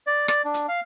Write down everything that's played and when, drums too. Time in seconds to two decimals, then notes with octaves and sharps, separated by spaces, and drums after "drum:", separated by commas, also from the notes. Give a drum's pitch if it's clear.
0.07 D5
0.28 D5, drum: rim click
0.45 D4
0.54 drum: hi-hat
0.68 F5